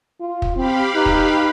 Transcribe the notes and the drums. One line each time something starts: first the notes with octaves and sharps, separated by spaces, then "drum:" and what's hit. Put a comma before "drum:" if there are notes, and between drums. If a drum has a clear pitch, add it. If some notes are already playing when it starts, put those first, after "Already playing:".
F4
drum: kick
C4 G4 F5 B5
D#4 B4
drum: kick